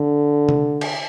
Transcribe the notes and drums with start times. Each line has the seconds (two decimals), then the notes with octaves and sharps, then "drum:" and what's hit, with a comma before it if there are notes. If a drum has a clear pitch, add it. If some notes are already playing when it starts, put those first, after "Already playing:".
Already playing: D3
0.49 drum: tom C3
0.81 drum: cymbal